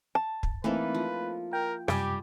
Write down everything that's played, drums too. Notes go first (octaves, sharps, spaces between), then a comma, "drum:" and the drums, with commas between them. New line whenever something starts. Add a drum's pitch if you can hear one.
A5
drum: kick
E3 A3 A#3 C4 D#4 A4 B4
F3
A#4 G5
F#2 C3 G3 G4 G#5, drum: rim click